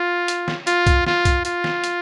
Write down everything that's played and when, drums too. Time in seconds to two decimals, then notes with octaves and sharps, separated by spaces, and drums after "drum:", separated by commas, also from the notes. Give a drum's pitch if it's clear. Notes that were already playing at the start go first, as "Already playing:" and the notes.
Already playing: F4
0.28 drum: hi-hat
0.48 drum: snare
0.67 F4, drum: hi-hat
0.87 drum: kick, hi-hat
1.07 F4, drum: snare
1.25 drum: kick, hi-hat
1.45 F4, drum: hi-hat
1.64 drum: snare
1.84 drum: hi-hat